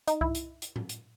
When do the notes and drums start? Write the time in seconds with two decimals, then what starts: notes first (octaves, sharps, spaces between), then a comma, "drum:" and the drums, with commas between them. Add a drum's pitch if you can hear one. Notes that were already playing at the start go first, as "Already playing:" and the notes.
0.07 D#4, drum: hi-hat
0.21 E4, drum: kick C2
0.35 drum: hi-hat
0.62 drum: hi-hat
0.76 drum: tom A2
0.89 drum: hi-hat